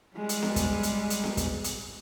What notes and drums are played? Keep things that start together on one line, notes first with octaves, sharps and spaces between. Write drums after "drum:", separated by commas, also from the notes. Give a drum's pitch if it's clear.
G3 G#3
drum: hi-hat
drum: snare B3
drum: kick, hi-hat
drum: hi-hat
drum: hi-hat
drum: snare B3
drum: kick, hi-hat
drum: hi-hat